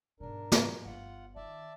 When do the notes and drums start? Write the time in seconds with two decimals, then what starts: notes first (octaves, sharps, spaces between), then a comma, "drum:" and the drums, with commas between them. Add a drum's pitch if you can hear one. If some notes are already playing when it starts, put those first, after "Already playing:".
0.20 G#2 B2 D4 A#4
0.52 drum: snare
0.86 G1 F4 F#5
1.36 D#3 D5 E5 A5